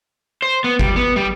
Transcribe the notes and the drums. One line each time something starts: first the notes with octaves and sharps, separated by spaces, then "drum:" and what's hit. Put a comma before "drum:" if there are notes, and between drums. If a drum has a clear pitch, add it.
C5
B3
G3, drum: kick G1
B3
G3